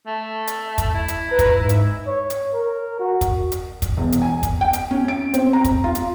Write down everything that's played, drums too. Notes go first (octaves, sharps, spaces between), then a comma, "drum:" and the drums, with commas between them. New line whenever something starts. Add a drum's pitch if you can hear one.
A3
drum: hi-hat
drum: kick, hi-hat
E4
drum: hi-hat
B4 A#5
drum: kick, hi-hat
G#2 E5
drum: hi-hat
C#5
drum: hi-hat
A#4
F#4
drum: kick, hi-hat
drum: hi-hat
drum: kick, hi-hat
E1
drum: hi-hat
G#5
drum: kick, hi-hat
G5
drum: hi-hat
C#4
D7
C4, drum: hi-hat
A#5
drum: kick, hi-hat
F4
drum: hi-hat